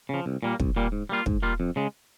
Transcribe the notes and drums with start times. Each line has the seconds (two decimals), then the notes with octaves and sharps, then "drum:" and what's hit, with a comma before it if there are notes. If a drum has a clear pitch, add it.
0.09 C#3 F3
0.26 C2
0.43 A#2 G3 A#3
0.60 C2, drum: kick
0.76 A#2 G3 A#3
0.92 G#2
1.09 G3 A#3 F4
1.26 G#2, drum: kick
1.43 G3 A#3 F4
1.60 F2
1.76 C#3 G#3